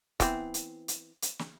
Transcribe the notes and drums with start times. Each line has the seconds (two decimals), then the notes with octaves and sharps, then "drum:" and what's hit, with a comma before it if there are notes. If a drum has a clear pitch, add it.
0.20 E3 B3 C4, drum: kick, hi-hat
0.54 drum: hi-hat
0.88 drum: hi-hat
1.22 drum: hi-hat
1.39 drum: snare